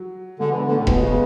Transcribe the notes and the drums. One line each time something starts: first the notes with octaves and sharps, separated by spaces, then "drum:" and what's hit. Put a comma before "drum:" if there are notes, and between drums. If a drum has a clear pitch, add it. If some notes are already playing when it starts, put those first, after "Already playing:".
Already playing: F#3
D3 G#3
E3 B3 D4
D3
A3 C#4
A2
B2 G#3 B3, drum: kick E1
C#3 G#3 B3